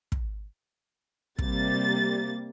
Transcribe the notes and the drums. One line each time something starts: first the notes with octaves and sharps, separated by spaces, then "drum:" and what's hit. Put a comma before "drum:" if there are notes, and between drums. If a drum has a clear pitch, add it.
drum: kick
C3 G3 A#3 A6, drum: kick